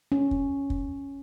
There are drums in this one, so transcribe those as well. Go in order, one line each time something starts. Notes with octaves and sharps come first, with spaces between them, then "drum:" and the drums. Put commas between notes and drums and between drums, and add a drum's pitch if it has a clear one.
C#4
drum: kick
drum: kick